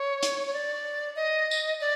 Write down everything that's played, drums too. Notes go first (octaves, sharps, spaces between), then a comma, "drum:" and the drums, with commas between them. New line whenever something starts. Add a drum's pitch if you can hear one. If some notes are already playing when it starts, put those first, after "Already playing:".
Already playing: C#5
drum: hi-hat
C#5
D5
D#5
drum: tambourine
D5